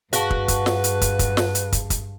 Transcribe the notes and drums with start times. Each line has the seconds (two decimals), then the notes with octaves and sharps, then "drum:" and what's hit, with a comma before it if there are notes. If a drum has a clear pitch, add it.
0.13 G2 F#4 G#4 B4 F5 A5, drum: hi-hat
0.31 drum: kick
0.48 drum: kick, hi-hat
0.66 drum: snare
0.84 drum: hi-hat
1.01 drum: kick, hi-hat
1.19 drum: kick, hi-hat
1.37 drum: snare
1.55 drum: hi-hat
1.72 drum: kick, hi-hat
1.90 drum: kick, hi-hat